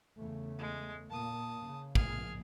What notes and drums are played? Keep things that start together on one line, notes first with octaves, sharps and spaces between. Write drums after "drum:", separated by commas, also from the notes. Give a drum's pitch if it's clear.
E2 C#3 A3
G#3
A#2 A#3 A5 D#6
C#3
A#1 G#4 F6, drum: kick